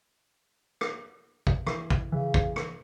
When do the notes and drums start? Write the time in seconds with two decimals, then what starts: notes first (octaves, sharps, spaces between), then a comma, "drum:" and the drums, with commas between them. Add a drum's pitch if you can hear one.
0.81 drum: rim click
1.47 drum: kick
1.67 E3, drum: rim click
1.90 drum: kick
2.12 C#3 E3
2.34 drum: kick
2.56 drum: rim click